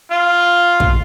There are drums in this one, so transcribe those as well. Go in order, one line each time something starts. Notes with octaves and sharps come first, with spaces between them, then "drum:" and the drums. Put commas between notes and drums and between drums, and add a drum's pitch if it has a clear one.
F4
drum: kick